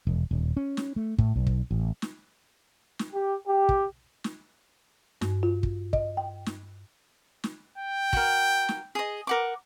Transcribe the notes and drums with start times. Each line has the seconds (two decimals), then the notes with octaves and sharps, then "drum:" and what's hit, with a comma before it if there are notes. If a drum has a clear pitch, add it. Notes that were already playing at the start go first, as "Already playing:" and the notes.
0.07 E1
0.31 D#1
0.57 C#4
0.77 drum: snare
0.96 A3
1.18 A2, drum: kick
1.36 B1
1.47 drum: kick
1.71 A1
2.02 drum: snare
2.99 drum: snare
3.13 G4
3.46 G4
3.69 drum: kick
4.24 drum: snare
5.21 G2, drum: snare
5.43 F4
5.63 drum: kick
5.93 D#5, drum: kick
6.17 G5
6.46 drum: snare
7.44 drum: snare
7.78 G5
8.13 F#4 A#4, drum: kick
8.69 drum: snare
8.95 G#4 D#5
9.27 A#4 F#5 D6